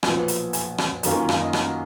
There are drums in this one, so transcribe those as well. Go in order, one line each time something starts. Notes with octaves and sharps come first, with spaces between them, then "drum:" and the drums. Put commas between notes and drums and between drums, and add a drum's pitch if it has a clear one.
B1 A#2 F3 B3 G#5, drum: rim click
drum: hi-hat
G#5, drum: hi-hat
drum: rim click
F#2 D#3 A#3 C#4 F4 A#5, drum: hi-hat
G#5
F5, drum: rim click
D#5
F#5, drum: rim click